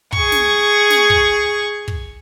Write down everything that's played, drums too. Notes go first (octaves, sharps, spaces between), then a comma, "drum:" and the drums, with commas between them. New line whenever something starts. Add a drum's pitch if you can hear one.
G#4 C#6, drum: kick
drum: snare
drum: snare
drum: kick
drum: kick